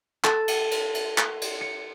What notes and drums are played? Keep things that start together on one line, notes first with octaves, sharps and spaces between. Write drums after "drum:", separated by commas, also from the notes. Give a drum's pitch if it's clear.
A4, drum: clap
drum: cymbal
drum: cymbal
drum: cymbal
drum: clap
drum: cymbal
C#7